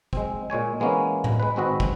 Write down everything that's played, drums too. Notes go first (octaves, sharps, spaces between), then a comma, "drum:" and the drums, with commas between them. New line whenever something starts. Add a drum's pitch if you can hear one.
G#3 C4, drum: kick
A#2 G#3 C#5 G#5
E3 G#3 A#3 B3 C#4
drum: tom A2
G#3 B4
G#1 G#3 C4 F#4 B4 D#5
drum: kick